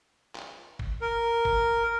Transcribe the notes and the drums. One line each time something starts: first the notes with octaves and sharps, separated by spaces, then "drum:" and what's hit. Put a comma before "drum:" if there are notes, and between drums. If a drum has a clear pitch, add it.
drum: clap
drum: kick G1
A#4
drum: kick G1